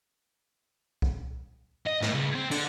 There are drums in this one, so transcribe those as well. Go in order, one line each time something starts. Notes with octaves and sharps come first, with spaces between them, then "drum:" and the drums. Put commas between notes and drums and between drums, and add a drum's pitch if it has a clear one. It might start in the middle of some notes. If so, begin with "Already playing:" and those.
drum: kick B1
D#5
A2, drum: snare
C#2
C4
D3, drum: cymbal